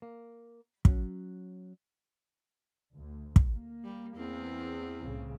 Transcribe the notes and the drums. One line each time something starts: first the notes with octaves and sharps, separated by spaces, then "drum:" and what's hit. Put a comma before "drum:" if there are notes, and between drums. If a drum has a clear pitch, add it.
A#3
F#3 C#4, drum: kick
D2
drum: kick
A#3
G3
E2 C4
C2 A2 C#3